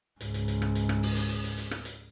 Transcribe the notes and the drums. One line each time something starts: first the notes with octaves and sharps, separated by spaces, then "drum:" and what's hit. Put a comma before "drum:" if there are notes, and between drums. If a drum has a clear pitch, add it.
C#2 G#2, drum: hi-hat
drum: hi-hat
drum: hi-hat
drum: rim click
drum: hi-hat
drum: rim click
drum: open hi-hat
drum: hi-hat
drum: hi-hat
drum: hi-hat
drum: hi-hat
drum: rim click
drum: hi-hat